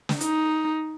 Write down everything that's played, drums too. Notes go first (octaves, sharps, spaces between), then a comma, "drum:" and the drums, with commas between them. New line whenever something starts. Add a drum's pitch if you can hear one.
drum: snare
D#4, drum: hi-hat